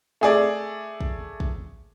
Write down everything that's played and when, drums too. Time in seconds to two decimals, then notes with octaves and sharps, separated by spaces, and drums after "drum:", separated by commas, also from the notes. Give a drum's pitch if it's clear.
0.21 A3 G#4 D5
1.01 drum: kick
1.40 drum: kick